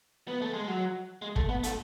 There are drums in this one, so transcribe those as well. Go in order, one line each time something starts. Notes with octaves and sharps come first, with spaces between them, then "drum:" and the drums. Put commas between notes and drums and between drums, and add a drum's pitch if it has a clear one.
B3
A3
G#3
F#3
G#3
A3, drum: kick
B3
A3, drum: hi-hat